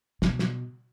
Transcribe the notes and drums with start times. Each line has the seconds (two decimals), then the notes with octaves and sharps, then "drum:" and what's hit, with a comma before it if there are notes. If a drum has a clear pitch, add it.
0.22 B2, drum: snare
0.39 drum: snare